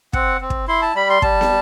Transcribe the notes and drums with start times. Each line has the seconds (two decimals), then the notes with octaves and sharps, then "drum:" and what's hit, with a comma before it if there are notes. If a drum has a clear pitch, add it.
0.13 C4 F#5, drum: kick
0.41 C4
0.50 drum: kick
0.68 E4 C6
0.82 A5
0.95 G3 B5
1.10 C6
1.22 G3 A5, drum: kick
1.41 drum: snare